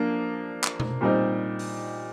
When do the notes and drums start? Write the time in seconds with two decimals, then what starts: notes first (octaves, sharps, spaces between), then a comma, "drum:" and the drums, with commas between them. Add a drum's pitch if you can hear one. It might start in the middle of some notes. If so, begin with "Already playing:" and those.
Already playing: F3 A#3 D4
0.64 drum: clap
0.80 drum: tom B2
1.01 A#2 G3 C4 D#4
1.59 drum: open hi-hat